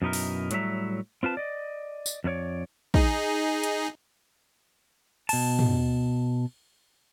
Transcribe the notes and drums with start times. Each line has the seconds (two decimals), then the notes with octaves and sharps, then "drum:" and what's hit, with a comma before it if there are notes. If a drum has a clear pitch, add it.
0.02 F#2 B2 D#4 E4 A#4
0.13 drum: open hi-hat
0.51 A2 F#3 G3 A3 E5 A#5, drum: hi-hat
1.23 C4 F4 B4 A5
1.37 D5 D#5
2.06 drum: tambourine
2.24 F2 A3 A#3 C#5 D5
2.94 D#4 G#4, drum: kick
3.64 drum: hi-hat
5.29 B2 A5, drum: cymbal
5.59 drum: tom